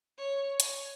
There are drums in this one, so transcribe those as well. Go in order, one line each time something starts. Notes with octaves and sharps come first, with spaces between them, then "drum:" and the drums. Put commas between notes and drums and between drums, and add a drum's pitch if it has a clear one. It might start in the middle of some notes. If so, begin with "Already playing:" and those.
C#5
C#5, drum: hi-hat